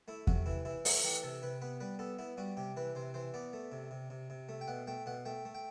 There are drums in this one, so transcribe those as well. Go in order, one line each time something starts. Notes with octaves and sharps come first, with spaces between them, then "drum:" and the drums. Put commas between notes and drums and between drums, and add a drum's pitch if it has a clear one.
A3 E4
C3 F#4, drum: kick E2
E3 E4
E3 E4
A3 F#4, drum: open hi-hat
E3 G4
C3 A4
C3 B4
B3 B4
G3 B4
B3 A4
B3 E4
G3 F#4
C3 G4
E3 B4
C3 C5
E3 C5
B3 D5
A3
C3
C3
C3
C3
A3
G5
B2 F#5
A3 G5
B2 F#5
A3 G5
A3
G5